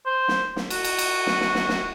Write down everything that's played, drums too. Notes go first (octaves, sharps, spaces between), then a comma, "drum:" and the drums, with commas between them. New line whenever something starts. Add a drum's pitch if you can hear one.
C5
drum: snare
drum: snare
F#4, drum: cymbal
drum: cymbal
drum: cymbal
drum: snare
drum: snare
drum: snare
drum: snare